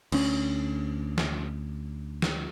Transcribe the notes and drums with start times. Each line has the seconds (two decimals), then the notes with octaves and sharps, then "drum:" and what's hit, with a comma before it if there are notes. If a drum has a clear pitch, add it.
0.12 D2 C#4, drum: cymbal
1.18 drum: snare
2.22 drum: snare